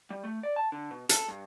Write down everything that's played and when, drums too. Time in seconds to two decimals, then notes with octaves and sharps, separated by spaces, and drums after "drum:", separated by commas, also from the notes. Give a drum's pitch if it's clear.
0.10 G3
0.24 A3
0.43 D5
0.56 A5
0.72 D3
0.91 B2
1.09 A4, drum: hi-hat
1.28 G2